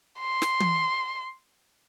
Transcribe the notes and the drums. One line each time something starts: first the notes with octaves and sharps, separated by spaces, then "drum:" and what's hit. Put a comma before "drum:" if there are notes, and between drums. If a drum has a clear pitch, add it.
C6
drum: snare
drum: tom